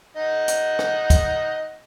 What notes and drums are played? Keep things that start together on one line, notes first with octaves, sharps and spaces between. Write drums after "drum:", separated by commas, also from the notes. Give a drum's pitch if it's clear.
D#4 D#5 F#5
drum: hi-hat
drum: rim click
drum: kick, hi-hat